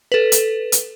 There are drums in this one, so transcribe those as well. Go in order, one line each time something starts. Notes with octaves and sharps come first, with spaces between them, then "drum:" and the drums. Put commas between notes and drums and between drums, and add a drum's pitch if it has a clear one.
A4 B4
drum: hi-hat
drum: hi-hat